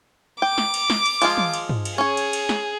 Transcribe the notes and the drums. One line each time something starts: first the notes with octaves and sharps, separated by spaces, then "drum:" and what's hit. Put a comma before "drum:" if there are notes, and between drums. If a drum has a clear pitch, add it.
G5 D6
drum: snare
drum: cymbal
drum: snare
drum: cymbal
F3 G#3 F4, drum: cymbal
drum: tom
drum: cymbal
drum: tom
drum: cymbal
C#4 G#4 C#5
drum: cymbal
drum: cymbal
drum: snare